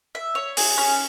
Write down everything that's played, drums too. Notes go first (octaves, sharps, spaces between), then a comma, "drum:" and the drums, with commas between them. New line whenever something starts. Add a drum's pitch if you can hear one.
E5
C#5
G#4, drum: open hi-hat
C#4